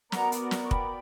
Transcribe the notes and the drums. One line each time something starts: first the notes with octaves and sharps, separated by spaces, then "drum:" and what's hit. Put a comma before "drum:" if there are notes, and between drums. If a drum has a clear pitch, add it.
B3 F#4 A#4 D5 F#5 A#5, drum: snare
drum: hi-hat
drum: snare
C#6
G5 B5, drum: kick